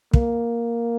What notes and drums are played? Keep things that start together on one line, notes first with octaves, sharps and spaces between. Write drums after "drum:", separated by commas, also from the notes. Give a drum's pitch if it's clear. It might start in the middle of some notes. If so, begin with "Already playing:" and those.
A#3, drum: kick